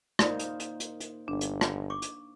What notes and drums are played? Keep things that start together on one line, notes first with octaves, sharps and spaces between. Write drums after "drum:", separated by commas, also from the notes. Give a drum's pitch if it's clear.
A#3 D#4 F4 C5 D5 D#6, drum: rim click
drum: hi-hat
drum: hi-hat
drum: hi-hat
drum: hi-hat
G1 D4
drum: hi-hat
drum: rim click
C#6 D6
drum: hi-hat